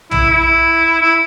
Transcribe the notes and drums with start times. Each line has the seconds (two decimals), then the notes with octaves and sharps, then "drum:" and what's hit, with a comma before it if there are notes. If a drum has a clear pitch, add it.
0.11 E4, drum: tom
0.30 E4
1.01 E4